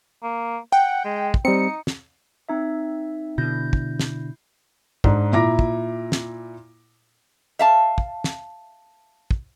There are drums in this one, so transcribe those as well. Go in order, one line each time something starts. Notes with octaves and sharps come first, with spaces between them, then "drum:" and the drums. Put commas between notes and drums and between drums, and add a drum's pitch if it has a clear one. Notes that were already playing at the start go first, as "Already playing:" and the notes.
A#3
F#5 G5
G#3
drum: kick
G3 C4 D#4 C#7
drum: snare
C4 D#4 E5
B2 D3 E4 G6 A#6
drum: kick
drum: snare
G#2 D4 D#4, drum: kick
A#2 E4 E5 A#5 D6 A#6
drum: kick
drum: snare
E5 F5 A5
drum: kick
drum: snare
drum: kick